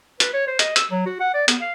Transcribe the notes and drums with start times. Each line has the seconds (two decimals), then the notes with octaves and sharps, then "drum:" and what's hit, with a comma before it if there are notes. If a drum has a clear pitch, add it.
0.20 B4, drum: hi-hat
0.34 C#5
0.47 C5
0.59 D#5, drum: hi-hat
0.76 E6, drum: hi-hat
0.91 F#3
1.06 F#4
1.20 F#5
1.34 D5
1.48 B3, drum: hi-hat
1.61 F5